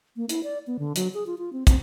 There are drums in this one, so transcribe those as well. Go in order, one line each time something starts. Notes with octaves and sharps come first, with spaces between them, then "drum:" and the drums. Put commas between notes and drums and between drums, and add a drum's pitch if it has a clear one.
A#3
E4, drum: hi-hat
D5
B3
D3
F#3, drum: hi-hat
G#4
F4
F4
C4
C4, drum: kick, hi-hat